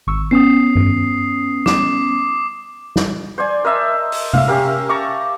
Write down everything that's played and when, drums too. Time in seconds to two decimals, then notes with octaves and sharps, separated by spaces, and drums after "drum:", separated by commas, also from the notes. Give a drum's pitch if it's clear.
0.07 G#1 C#6 E6
0.31 B3 C#4 D#6 C7
0.75 drum: tom G2
1.66 D6, drum: snare
2.96 drum: snare
3.38 C5 D5 G#5
3.64 A#4 D#5 E5 A5
4.12 drum: open hi-hat
4.33 E5 F5, drum: tom C3
4.48 C#4 G4 A#4
4.89 A5 A#5 C#6 D6